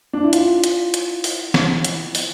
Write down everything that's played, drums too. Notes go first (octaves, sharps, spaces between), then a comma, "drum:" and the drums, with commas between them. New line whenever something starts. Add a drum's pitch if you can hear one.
D4
E4
F4, drum: hi-hat
drum: hi-hat
drum: hi-hat
drum: open hi-hat
drum: snare
drum: hi-hat
drum: open hi-hat